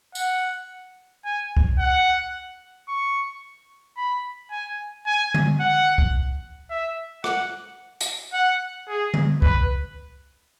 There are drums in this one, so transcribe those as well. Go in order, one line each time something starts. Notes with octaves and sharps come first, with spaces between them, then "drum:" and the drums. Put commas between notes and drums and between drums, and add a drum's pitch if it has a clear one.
F#5, drum: tambourine
G#5
drum: kick
F#5
C#6
B5
G#5
G#5
drum: tom D3
F#5
drum: kick
E5
F#5, drum: rim click
drum: hi-hat
F#5
G#4
drum: tom D3
B4, drum: kick